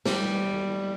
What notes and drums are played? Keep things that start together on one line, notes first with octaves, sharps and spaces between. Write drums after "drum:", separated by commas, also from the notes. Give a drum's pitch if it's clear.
G3, drum: snare